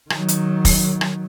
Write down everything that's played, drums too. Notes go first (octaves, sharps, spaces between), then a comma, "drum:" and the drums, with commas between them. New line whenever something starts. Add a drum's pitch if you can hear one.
D#3 F#3, drum: rim click
drum: hi-hat
drum: kick, open hi-hat
drum: rim click